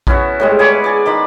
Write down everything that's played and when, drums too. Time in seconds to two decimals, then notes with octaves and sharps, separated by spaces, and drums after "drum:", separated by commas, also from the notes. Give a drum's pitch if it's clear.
0.07 B3 C#4 E4 F#4, drum: kick A#1
0.40 A2 G3 G#3
0.59 G#4 C#5 D5 B5
0.84 G#4 D5
1.06 D#3 D5 B5